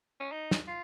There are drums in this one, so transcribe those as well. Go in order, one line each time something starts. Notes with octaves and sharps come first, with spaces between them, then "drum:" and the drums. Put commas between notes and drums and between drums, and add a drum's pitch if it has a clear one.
C#4
D#4
drum: snare
F4